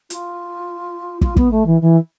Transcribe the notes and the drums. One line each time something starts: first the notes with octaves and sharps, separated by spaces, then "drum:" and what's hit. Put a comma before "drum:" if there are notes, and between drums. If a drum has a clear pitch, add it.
F4, drum: hi-hat
F4, drum: kick
B3, drum: kick
A3
E3
E3